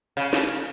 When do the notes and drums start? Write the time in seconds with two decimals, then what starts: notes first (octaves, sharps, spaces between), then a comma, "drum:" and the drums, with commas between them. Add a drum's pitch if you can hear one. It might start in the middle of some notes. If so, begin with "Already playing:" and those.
0.17 C#3
0.33 C#3, drum: snare